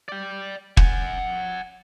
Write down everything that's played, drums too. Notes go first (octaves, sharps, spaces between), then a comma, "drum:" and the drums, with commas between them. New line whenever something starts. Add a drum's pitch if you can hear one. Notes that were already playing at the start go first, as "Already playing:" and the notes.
D5 G5
F#5 G#5, drum: kick